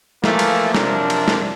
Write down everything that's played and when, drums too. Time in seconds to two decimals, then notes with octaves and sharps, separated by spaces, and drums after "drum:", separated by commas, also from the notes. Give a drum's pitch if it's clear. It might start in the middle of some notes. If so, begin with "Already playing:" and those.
0.24 E3 F3 A3 A#3, drum: snare
0.39 drum: cymbal
0.75 F#2 C3 F3 D4 A#4, drum: snare
1.10 drum: cymbal
1.28 drum: snare